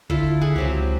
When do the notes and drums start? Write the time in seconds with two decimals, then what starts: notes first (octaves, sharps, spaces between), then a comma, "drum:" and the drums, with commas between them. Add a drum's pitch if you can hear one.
0.10 D3 E4 F4 A4, drum: kick
0.41 G#4 F#5 G#5
0.56 C#2 F#3 C4 G4